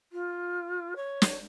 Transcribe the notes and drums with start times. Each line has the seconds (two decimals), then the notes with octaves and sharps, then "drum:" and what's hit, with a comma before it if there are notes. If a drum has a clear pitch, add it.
0.12 F4
0.96 C#5
1.22 drum: snare